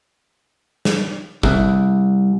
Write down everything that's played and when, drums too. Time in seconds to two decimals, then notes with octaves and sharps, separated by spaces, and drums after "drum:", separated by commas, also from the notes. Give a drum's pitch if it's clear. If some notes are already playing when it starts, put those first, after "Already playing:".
0.85 drum: snare
1.43 C2, drum: kick